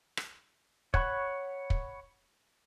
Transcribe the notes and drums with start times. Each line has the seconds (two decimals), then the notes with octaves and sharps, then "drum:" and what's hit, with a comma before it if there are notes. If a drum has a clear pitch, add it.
0.17 drum: rim click
0.94 C#5 F#5 B5 C#6, drum: kick
1.70 drum: kick